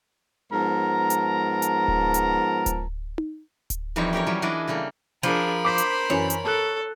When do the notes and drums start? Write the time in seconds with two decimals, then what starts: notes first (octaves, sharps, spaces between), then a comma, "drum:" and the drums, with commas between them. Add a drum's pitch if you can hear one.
0.53 G#2 F3 B3 A#4 A5 A#5
1.10 drum: hi-hat
1.62 drum: hi-hat
1.88 drum: kick D1
2.14 drum: hi-hat
2.66 drum: kick D1, hi-hat
3.18 drum: tom D#4
3.70 drum: kick D1, hi-hat
3.96 F2 E3 G3 C4 D#4 C#5
4.13 C#4 G4 A#4 C#5
4.27 E3 F#3 G3
4.42 E3 D4 F#4 G#4 D5 D#5
4.68 C#3 G3 A3 A#3
5.23 F3 D4 G#4 A#4 B5
5.65 C5 D6 B6
5.78 drum: hi-hat
6.10 F#2 E3 C#5
6.30 drum: hi-hat
6.44 A4 A5 F#6